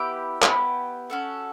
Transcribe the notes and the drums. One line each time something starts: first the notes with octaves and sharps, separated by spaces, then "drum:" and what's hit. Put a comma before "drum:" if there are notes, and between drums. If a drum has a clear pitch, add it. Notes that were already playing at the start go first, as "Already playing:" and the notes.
Already playing: B3 E4 G4 D6
B3 E4 G4, drum: clap
C#4 F#4 A4